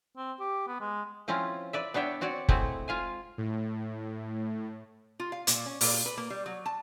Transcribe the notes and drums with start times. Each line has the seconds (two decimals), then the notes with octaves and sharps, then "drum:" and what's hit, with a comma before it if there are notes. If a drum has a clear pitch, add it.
0.16 C4
0.40 G4
0.67 B3
0.80 G#3
1.28 F3 C4 C#4 E4 F4
1.73 B4 D5 E5
1.94 B3 D4 C#5 E5 G5
2.21 C4 F#4 C#5 D5
2.49 G#3 A3 C4 E4 F#4, drum: kick F#1
2.88 F4 F5 G#5
3.38 A2
5.20 F4
5.32 F5
5.47 A#2, drum: hi-hat
5.66 C#4
5.81 A#2, drum: open hi-hat
6.06 B4
6.17 A#3
6.30 G3
6.46 F#3
6.66 A5